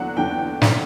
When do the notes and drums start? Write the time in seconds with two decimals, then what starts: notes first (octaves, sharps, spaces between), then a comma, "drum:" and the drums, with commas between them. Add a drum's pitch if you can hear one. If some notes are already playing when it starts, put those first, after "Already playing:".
Already playing: E2 D3 F#3 F#5
0.16 E2 D3 F#3 G5
0.62 D3 F#3, drum: snare